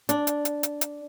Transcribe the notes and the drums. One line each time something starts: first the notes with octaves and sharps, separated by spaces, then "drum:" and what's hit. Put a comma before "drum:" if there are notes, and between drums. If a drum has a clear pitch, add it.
D4, drum: hi-hat
drum: hi-hat
drum: hi-hat
drum: hi-hat
drum: hi-hat